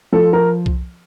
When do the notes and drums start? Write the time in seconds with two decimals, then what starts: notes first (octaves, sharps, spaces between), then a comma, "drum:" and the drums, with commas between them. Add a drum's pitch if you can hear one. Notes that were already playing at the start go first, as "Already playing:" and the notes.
0.12 F3 A4
0.33 A#4
0.66 drum: kick C2